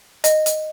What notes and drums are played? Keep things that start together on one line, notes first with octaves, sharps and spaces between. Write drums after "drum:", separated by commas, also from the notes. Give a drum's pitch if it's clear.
D#5, drum: hi-hat
drum: hi-hat